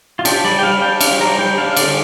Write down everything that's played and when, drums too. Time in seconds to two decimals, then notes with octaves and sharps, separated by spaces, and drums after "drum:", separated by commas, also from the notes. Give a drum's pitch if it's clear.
0.19 F4
0.25 D4 G4, drum: cymbal
0.44 G3 D5
0.59 G5
0.63 G3 F5
0.82 D4 G5
1.01 D4 F5, drum: cymbal
1.20 G3 A#5
1.38 G3 G5
1.58 D4 F5
1.73 F5
1.76 D3 D5, drum: cymbal